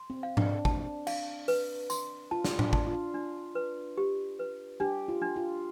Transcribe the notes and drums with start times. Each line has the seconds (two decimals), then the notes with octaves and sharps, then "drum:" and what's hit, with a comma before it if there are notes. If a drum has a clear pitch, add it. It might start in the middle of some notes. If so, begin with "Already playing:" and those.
Already playing: C6
0.10 C4
0.23 F5
0.37 D4, drum: tom G#2
0.65 A5, drum: kick G#1
1.07 F5, drum: cymbal
1.48 B4, drum: open hi-hat
1.90 C6, drum: tambourine
2.31 F4 A5
2.44 drum: snare
2.59 D4, drum: tom A2
2.73 A5, drum: kick G#1
2.87 F4
3.14 D4
3.55 B4
3.97 G4
4.39 B4
4.80 D4 G4
5.08 F4
5.22 D4
5.36 F4